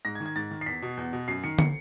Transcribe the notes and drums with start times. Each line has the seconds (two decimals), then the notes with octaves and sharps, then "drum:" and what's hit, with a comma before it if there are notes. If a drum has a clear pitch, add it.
0.05 G#2 A#6
0.15 G#6
0.20 D#3
0.26 G#6
0.36 G#2 A6
0.51 D#3
0.61 C7
0.66 E2 B6
0.82 B2
0.97 E2
1.13 B2
1.28 F#2 C7
1.44 D#3 C#7
1.59 C#7, drum: tom